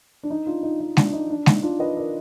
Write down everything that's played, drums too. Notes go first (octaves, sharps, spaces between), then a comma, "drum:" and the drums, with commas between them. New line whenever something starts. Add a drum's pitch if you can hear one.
D4
D#4
D4 F4
D#4
D#4
D4, drum: snare
D#4
D4
D#4, drum: snare
D4 F4
B4 D#5
A#4 D5